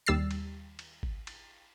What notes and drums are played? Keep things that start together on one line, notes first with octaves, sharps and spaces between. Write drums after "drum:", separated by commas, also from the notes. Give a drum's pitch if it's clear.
D#2 G3 E6 A6 C7
drum: cymbal
drum: cymbal
drum: kick G#1
drum: cymbal